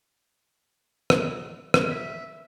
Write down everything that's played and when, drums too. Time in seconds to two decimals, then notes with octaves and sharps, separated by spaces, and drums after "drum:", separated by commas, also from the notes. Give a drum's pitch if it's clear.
1.10 drum: rim click
1.74 drum: rim click
1.90 E5